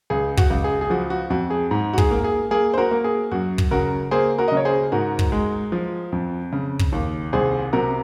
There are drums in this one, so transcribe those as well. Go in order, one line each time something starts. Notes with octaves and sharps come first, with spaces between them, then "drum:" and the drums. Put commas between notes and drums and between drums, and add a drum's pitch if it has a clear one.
C#2 G#4
F#4, drum: kick
C#2
G#4
G#4
F3 F#4
F#4
F2 F#4
G#4
G#2
F#4
G#4, drum: kick
A#3
G#4
A#3 G#4
C5
F#4 A#4
A#3
G#4
F#2 F#4
drum: kick
C#3 F#4 A#4
A#3 G#4 C5
F#4 A#4
D#5
C#3
C#5
G#4 C5
G#2 F#4 A#4
drum: kick
G#3
F3
F2
C#3
drum: kick
D#2
C2 G#4 C5
C3 F#4 A#4